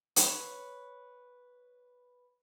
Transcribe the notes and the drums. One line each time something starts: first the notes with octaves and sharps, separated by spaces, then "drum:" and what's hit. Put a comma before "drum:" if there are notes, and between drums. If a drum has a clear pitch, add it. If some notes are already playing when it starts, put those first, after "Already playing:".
B4 C#5, drum: hi-hat